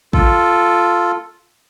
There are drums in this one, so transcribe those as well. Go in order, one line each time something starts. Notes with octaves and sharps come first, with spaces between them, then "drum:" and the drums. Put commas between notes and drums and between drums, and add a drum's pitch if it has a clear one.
F4 A4, drum: kick